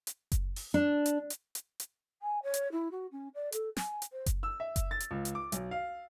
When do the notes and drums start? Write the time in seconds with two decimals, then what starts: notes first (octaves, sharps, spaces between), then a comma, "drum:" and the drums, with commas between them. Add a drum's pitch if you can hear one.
0.07 drum: hi-hat
0.32 drum: kick F#1, hi-hat
0.56 drum: open hi-hat
0.74 D4
1.06 drum: hi-hat
1.30 drum: hi-hat
1.55 drum: hi-hat
1.80 drum: hi-hat
2.22 G#5
2.43 C#5
2.54 drum: hi-hat
2.72 E4
2.91 F#4
3.11 C#4
3.34 D5
3.52 A4, drum: hi-hat
3.77 G#5, drum: snare
4.02 drum: hi-hat
4.12 C5
4.26 drum: kick F#1, hi-hat
4.43 E6
4.60 E5
4.76 drum: kick F#1, hi-hat
4.91 A6
5.00 drum: hi-hat
5.11 C#2
5.25 drum: hi-hat
5.35 D6
5.52 B1, drum: hi-hat
5.71 F5